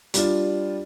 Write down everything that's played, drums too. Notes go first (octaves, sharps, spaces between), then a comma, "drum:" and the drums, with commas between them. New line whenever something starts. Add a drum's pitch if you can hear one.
G3 D4 F4, drum: hi-hat